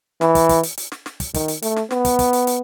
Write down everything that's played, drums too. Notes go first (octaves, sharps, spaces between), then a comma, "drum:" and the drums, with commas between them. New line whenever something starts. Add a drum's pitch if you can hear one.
E3, drum: snare
drum: kick, hi-hat
drum: kick, hi-hat
drum: hi-hat
drum: hi-hat
drum: snare
drum: snare
drum: kick, hi-hat
D#3, drum: kick, hi-hat
drum: hi-hat
A3, drum: hi-hat
drum: snare
B3, drum: snare
drum: kick, hi-hat
drum: kick, hi-hat
drum: hi-hat
drum: hi-hat